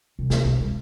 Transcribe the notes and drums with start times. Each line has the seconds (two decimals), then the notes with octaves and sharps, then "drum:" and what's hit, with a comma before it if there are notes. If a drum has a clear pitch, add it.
0.19 C2
0.30 C#3, drum: snare
0.45 B1
0.60 G#3